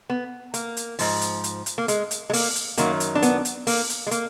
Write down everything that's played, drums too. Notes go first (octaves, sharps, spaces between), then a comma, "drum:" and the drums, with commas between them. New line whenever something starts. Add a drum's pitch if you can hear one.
B3
A#3, drum: hi-hat
drum: hi-hat
G#2 F3, drum: open hi-hat
drum: hi-hat
drum: hi-hat
drum: hi-hat
A#3
G#3, drum: hi-hat
drum: hi-hat
G#3
A#3, drum: open hi-hat
drum: hi-hat
F#2 D#3 F#3 A#3, drum: hi-hat
drum: hi-hat
D4
B3, drum: hi-hat
drum: hi-hat
A#3, drum: open hi-hat
drum: hi-hat
G#3
A#3, drum: hi-hat